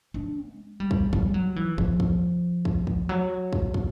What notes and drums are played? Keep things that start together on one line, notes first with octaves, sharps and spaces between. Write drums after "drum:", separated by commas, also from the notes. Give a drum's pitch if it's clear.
D4
G#3
G3
drum: kick
G3, drum: kick
F#3
E3
F3, drum: kick
drum: kick
drum: kick
drum: kick
F#3
drum: kick
drum: kick